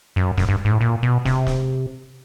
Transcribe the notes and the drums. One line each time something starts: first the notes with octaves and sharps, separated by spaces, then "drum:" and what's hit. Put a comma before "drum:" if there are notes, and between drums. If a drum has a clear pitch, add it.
F#2
F#2, drum: snare
G2
G#2
A2
A#2
B2
C3, drum: snare
drum: snare